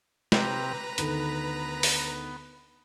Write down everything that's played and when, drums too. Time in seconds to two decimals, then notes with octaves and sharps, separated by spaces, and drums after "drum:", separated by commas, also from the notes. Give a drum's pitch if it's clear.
0.32 C3 G4 B4 A#5, drum: snare
0.98 D2 D#3 B3 A4, drum: hi-hat
1.83 drum: open hi-hat